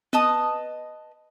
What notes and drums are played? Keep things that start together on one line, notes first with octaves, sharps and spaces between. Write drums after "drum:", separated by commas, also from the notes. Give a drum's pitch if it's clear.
B4 D#5 A5 D#6, drum: tom B3